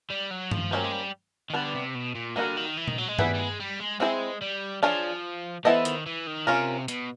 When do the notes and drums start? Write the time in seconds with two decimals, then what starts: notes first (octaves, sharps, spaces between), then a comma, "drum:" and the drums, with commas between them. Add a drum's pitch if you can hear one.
0.10 G3
0.31 F#3
0.51 F3, drum: tom G2
0.71 F#3 A#3 C#4 E4 G4 C5
0.84 G#3
0.92 G3
1.50 D#3
1.54 D3 G3 B3 D4
1.74 C3
1.95 B2
2.15 A#2
2.36 D3 G3 A#3 D#4 F#4 A#4
2.57 D#3
2.77 E3
2.88 D#3, drum: tom A#2
2.98 F#3
3.08 G#3
3.19 G3 B3 E4 G#4 B4, drum: tom G2
3.34 G3
3.39 G#3
3.60 G3
3.80 G#3
4.00 G#3 C4 E4 G#4 C5
4.42 G3
4.83 F3 D4 F4 G#4 C#5
5.65 E3 B3 E4 A4 C5 D#5
5.85 D#3, drum: hi-hat
6.06 E3
6.27 D#3
6.47 C3 C#4 F4 A#4
6.88 B2, drum: hi-hat